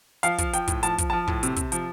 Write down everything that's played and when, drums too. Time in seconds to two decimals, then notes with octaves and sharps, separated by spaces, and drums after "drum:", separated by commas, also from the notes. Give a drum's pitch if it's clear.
0.23 F3 F5, drum: hi-hat
0.38 F3, drum: kick, hi-hat
0.53 F3 G5, drum: hi-hat
0.68 A2, drum: kick, hi-hat
0.83 F3 A5, drum: hi-hat
0.98 F3, drum: kick, hi-hat
1.10 F3 A5
1.27 A2, drum: kick
1.43 C3, drum: hi-hat
1.56 C3, drum: kick, hi-hat
1.72 F3, drum: hi-hat